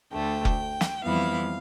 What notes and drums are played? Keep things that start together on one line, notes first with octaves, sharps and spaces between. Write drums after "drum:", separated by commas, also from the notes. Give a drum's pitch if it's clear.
D2 D3 A3 G5
drum: kick F1
drum: snare
F2 E3 G3 B3 E4 F5